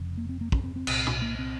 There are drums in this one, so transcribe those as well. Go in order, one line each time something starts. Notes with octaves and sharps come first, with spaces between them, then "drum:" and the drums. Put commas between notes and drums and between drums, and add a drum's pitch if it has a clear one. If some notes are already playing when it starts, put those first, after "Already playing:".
Already playing: F1 F2 C#3
A#3
C4
A#3
C#4, drum: kick
C4
C4
C2 A#2, drum: cymbal
drum: tom B2
A#3
C4